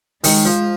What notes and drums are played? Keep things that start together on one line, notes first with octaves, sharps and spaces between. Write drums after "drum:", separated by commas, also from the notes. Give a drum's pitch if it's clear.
D#3 G#3, drum: open hi-hat
F3